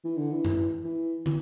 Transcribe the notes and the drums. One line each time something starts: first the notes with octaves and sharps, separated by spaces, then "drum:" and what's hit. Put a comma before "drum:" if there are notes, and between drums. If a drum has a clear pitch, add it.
E3
D3
E3
drum: tom F#2
E3
E3, drum: tom